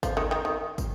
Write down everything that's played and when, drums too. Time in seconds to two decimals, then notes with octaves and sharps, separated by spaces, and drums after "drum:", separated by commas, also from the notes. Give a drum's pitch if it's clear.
0.03 F3, drum: kick, tambourine
0.17 D#3
0.31 D#3
0.45 D#3
0.78 drum: kick, tambourine